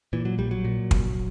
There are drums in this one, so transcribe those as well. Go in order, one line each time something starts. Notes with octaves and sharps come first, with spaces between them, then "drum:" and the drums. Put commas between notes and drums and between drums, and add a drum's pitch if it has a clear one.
A#2 E3
F#3
A#1 G3
F#3
A#2
A#1, drum: kick